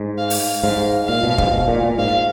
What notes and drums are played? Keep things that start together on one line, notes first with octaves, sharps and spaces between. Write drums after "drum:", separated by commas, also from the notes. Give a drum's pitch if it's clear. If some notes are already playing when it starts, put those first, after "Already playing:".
Already playing: G#2
F5
drum: open hi-hat
G#2 F5
A#2 F5
B2
G#2, drum: kick
B2
A#2
A#2
G#2 F5